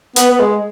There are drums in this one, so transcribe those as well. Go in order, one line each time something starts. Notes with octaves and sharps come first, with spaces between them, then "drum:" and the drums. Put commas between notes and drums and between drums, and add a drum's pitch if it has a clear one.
B3, drum: hi-hat
B3
G#3